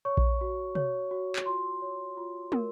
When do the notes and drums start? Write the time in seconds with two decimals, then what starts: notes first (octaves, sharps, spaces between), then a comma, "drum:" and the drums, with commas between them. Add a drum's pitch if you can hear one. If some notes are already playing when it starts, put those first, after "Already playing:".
0.05 C#5 C#6
0.17 drum: kick A#1
0.41 F#4
0.75 C#5, drum: tom
1.11 F#4
1.36 drum: clap
1.46 F4 C6
1.82 C#5
2.17 F4
2.52 A#4, drum: tom